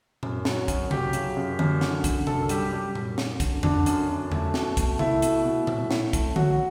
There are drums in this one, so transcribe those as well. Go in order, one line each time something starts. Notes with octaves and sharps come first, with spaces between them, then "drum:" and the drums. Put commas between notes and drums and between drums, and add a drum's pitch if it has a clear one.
F#2, drum: tom A#2
F#3, drum: snare
F#2, drum: kick, hi-hat
F#3 G4, drum: tom C3
C#3, drum: hi-hat
F#2
F#2, drum: tom D3
D3, drum: snare
D3, drum: kick, hi-hat
F#2 A4, drum: tom C3
G3 G4, drum: hi-hat
G3 G4
F#2, drum: tom A#2
F#2, drum: snare
D3, drum: kick, hi-hat
D3 D4, drum: tom E2
F#2, drum: hi-hat
F#2
A3, drum: tom E2
B2, drum: snare
A3, drum: kick, hi-hat
A3 E4, drum: tom C3
B2, drum: hi-hat
B2
A2, drum: tom A#2
A2, drum: snare
A3, drum: kick, hi-hat
F#3 F#4, drum: tom D3